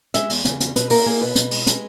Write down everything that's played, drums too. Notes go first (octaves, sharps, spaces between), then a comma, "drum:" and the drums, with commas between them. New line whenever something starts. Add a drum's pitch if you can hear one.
G#3 E5, drum: hi-hat
E2, drum: open hi-hat
C#3, drum: hi-hat
E2, drum: hi-hat
B2 B4, drum: hi-hat
A#3 A#4, drum: open hi-hat
A#3 G#4
B2 B4
B2, drum: hi-hat
G#3, drum: open hi-hat
G#3, drum: hi-hat